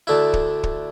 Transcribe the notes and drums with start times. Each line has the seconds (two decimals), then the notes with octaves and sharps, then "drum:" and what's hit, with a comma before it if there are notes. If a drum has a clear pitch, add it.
0.07 D2 D3 A3 E4 E5
0.33 drum: kick
0.63 drum: kick